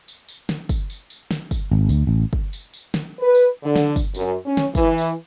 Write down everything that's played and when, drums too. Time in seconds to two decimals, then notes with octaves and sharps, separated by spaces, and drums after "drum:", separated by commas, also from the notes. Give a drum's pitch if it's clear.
0.08 drum: tambourine
0.29 drum: tambourine
0.49 drum: snare
0.69 drum: kick, tambourine
0.90 drum: tambourine
1.10 drum: tambourine
1.31 drum: snare
1.51 drum: kick, tambourine
1.71 G#1
1.89 D2, drum: tambourine
2.07 A1
2.33 drum: kick
2.53 drum: tambourine
2.74 drum: tambourine
2.94 drum: snare
3.20 B4
3.35 drum: tambourine
3.63 D3
3.76 drum: snare
3.96 drum: kick, tambourine
4.15 F#2, drum: tambourine
4.46 C#4
4.57 drum: snare
4.75 E3, drum: kick, tambourine
4.98 drum: tambourine